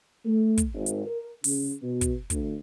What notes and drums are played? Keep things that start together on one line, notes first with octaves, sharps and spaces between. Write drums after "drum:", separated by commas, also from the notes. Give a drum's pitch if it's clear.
A3
drum: kick, hi-hat
G#1
drum: hi-hat
A#4
C#3, drum: open hi-hat
B2
drum: kick, hi-hat
D2, drum: kick, hi-hat